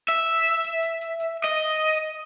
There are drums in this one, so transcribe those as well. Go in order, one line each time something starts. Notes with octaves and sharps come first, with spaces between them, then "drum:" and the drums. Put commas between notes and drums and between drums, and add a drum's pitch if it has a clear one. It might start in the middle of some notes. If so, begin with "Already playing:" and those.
E5, drum: tambourine
drum: tambourine
drum: tambourine
drum: tambourine
drum: tambourine
drum: tambourine
D#5
drum: tambourine
drum: tambourine
drum: tambourine